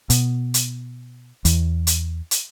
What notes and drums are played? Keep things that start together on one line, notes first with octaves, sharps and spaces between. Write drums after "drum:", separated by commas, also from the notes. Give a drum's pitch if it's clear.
B2, drum: hi-hat
drum: hi-hat
E2, drum: hi-hat
drum: hi-hat
drum: hi-hat